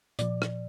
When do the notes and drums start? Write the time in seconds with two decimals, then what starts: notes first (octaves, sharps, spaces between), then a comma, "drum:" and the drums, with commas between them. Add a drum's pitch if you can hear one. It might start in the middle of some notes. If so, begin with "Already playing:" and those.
0.19 A#2 F3 D5, drum: hi-hat
0.42 drum: rim click